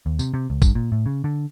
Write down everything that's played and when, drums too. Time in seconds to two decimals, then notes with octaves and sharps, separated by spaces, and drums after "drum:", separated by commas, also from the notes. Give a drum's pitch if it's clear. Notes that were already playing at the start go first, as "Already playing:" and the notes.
0.06 D#2
0.19 C3, drum: tambourine
0.34 C3
0.50 C#2
0.62 G2, drum: kick, tambourine
0.75 A#2
0.92 A2
1.06 C#3
1.24 D3